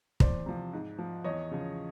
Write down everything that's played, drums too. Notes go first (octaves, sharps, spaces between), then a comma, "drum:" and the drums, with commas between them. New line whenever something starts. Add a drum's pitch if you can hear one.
E2 C5 D5, drum: kick
C3 F3
G#2
F3
E2 C#5 D#5
C#3 F3